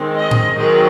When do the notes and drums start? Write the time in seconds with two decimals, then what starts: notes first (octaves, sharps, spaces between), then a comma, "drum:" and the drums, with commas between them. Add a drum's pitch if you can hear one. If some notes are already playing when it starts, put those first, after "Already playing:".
Already playing: D#3 G#3 C4
0.16 D#5
0.31 drum: tom A2
0.57 D#3 F#3 C4 G#4